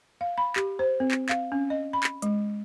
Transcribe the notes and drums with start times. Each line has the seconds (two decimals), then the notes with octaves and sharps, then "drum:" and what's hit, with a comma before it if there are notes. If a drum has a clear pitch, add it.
0.21 F5
0.38 B5
0.56 G4, drum: clap
0.79 C5
1.00 C4
1.11 drum: clap
1.29 F5, drum: clap
1.52 C#4
1.70 D#5
1.93 B5
2.03 drum: clap
2.22 G#3, drum: hi-hat